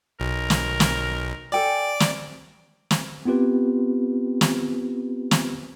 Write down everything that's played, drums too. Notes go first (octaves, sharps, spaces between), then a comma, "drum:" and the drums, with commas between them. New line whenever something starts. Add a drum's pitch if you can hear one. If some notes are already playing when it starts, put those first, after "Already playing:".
B1 A#4
drum: snare
drum: snare
A4 D5 G5 G#5 D6
drum: snare
drum: snare
B3 C4 F4 G4 B4
drum: snare
drum: snare